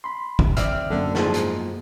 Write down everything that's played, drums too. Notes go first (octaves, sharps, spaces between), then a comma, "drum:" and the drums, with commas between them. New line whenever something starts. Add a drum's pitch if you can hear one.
B5 C6
drum: kick
D#2 C4 D5 E5 F6, drum: hi-hat
F#2 D3 A#3
G#2 B2 F3, drum: snare
drum: hi-hat